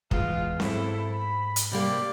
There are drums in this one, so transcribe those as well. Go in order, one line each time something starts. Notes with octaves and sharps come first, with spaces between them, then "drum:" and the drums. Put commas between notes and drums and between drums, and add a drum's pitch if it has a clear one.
E2 G#3 F4, drum: kick
G#2 E4 A4 C5, drum: snare C4
B5
drum: hi-hat
C3 G3 A#3 D5